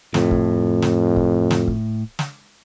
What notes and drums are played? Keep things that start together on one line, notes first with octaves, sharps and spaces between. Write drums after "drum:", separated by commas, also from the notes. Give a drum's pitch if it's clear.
F2 A2, drum: snare
drum: kick
drum: snare
drum: kick
drum: snare
drum: kick
drum: snare